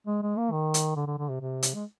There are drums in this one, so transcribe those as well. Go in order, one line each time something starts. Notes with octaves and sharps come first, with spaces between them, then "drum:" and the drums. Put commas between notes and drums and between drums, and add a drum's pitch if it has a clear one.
G#3
G#3
A#3
D#3
drum: hi-hat
D3
D3
D3
C3
C3
drum: hi-hat
G#3